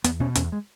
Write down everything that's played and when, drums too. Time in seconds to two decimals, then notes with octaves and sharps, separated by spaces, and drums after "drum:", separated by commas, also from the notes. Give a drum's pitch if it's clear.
0.04 E2 B3, drum: hi-hat
0.20 B2 C#4
0.35 E2 C#4, drum: hi-hat
0.52 G#3